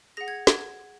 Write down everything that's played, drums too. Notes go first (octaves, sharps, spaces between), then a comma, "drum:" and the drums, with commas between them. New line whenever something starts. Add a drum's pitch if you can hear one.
G#4 F#5 A#6
G#6
G#6, drum: snare